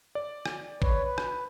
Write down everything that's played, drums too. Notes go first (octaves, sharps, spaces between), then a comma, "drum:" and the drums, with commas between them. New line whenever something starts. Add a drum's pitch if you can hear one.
D5
drum: rim click
B4 C#5, drum: kick A1
B4
drum: rim click